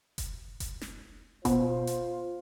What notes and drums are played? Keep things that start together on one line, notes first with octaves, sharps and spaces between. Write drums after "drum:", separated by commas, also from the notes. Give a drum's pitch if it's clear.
drum: kick F1, hi-hat
drum: kick F1, hi-hat
drum: snare
B2 F4 C5, drum: kick F1, hi-hat
drum: hi-hat